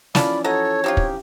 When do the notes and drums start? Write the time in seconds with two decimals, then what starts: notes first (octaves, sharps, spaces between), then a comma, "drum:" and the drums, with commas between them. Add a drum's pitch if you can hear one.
0.15 E3 F3 C#4 F4 A4 D5 B5, drum: snare
0.44 F#4 A4 C#5 D#5 A#5
0.84 C4 D#4 F4 G4
0.97 drum: kick